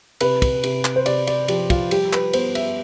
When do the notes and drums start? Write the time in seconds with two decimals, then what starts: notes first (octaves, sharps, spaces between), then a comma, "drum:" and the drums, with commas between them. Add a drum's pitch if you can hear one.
0.21 C3 B4, drum: cymbal
0.42 drum: kick, cymbal
0.63 C3, drum: cymbal
0.85 drum: clap
0.96 C5
1.06 C3 D5, drum: cymbal
1.27 D5, drum: cymbal
1.48 F3 G4, drum: cymbal
1.70 F4, drum: kick, cymbal
1.91 G3 G4, drum: cymbal
2.13 B4, drum: clap
2.33 B3 C5, drum: cymbal
2.55 E5, drum: cymbal